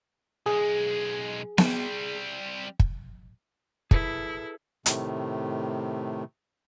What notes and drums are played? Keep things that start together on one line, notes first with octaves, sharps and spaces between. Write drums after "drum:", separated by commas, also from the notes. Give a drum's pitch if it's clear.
B1 G#3 G#4
G3 C4, drum: snare B3
drum: kick
E4 G#4 A4 B4, drum: kick
A2 C3 D#3 A3, drum: hi-hat